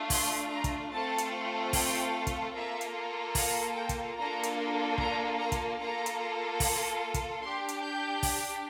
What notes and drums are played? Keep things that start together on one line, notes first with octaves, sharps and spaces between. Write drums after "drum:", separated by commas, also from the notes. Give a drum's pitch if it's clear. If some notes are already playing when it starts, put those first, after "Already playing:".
Already playing: A3 D4 F4
C6, drum: kick, open hi-hat
A#5
drum: kick, hi-hat
A3 C4 F4 A4 A5
drum: hi-hat
G5, drum: kick, open hi-hat
drum: kick, hi-hat
A#3 F4 A4 E5
drum: hi-hat
F5, drum: kick, open hi-hat
G5
drum: kick, hi-hat
A#3 D4 F4 A4 A#5
drum: hi-hat
A#5, drum: kick
A#5
drum: kick, hi-hat
A#3 F4 A4 A#5
drum: hi-hat
drum: kick, open hi-hat
drum: kick, hi-hat
D4 G4 C6
drum: hi-hat
G6
drum: kick, open hi-hat